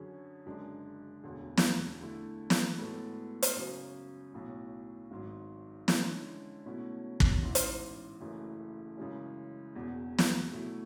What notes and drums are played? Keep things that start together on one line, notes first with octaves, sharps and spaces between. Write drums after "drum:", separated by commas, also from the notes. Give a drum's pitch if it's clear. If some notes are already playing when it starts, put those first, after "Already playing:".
Already playing: F#2 D3 F#3 C#4 G#4
F#1 F#2 D3 G#3 D4
E1 D2 D3
drum: snare
D3 A3 E4
drum: snare
A2 G#3 B3 F#4 A4
drum: hi-hat
F#2 C#3 F#3
B1 A2 F#3
G#1 G#2 F#3
D3 G#3 C#4 E4, drum: snare
B2 F#3 A3 C#4 E4
drum: kick
A1 G#2 E3
drum: hi-hat
F#1 F#2 E3 A3
F#2 C#3 E3 G#3 C#4
E1 E2 B2
drum: snare
B2 F#3 A3 E4